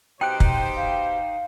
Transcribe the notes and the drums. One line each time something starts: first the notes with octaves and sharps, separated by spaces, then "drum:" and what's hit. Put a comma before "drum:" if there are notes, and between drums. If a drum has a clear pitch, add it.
B2 D#4 G4 C5 G5 F#6 D7
drum: kick
F5